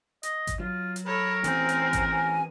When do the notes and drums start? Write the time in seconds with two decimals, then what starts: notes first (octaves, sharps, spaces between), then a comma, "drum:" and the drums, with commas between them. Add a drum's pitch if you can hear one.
0.23 D#5, drum: hi-hat
0.47 drum: kick G#1, hi-hat
0.60 F#3 F4
0.96 drum: hi-hat
1.06 A4 A#4 C#5 B5
1.44 E3 C4 C#4 G#5, drum: hi-hat
1.69 drum: hi-hat
1.93 drum: kick G#1, hi-hat
2.11 G#5